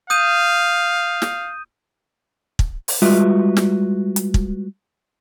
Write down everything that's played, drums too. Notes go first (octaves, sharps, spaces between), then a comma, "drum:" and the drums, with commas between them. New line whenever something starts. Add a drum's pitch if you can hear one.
F5 D#6 G6 D#7
drum: snare
drum: kick
drum: open hi-hat
G3 G#3 F4 F#4 B4 E5
drum: snare
drum: hi-hat
drum: kick